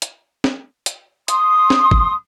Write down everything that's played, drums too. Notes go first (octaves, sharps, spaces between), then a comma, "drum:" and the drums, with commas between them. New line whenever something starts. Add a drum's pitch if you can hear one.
drum: hi-hat
drum: snare
drum: hi-hat
C6 D#6, drum: hi-hat
drum: snare
drum: kick